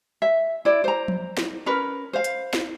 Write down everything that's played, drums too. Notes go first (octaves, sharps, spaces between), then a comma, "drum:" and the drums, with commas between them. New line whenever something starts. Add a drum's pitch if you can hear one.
E5
E4 D5
C5 A#5
drum: tom F3
drum: snare
C#4 A#4 B4
C5 F5
drum: hi-hat
drum: snare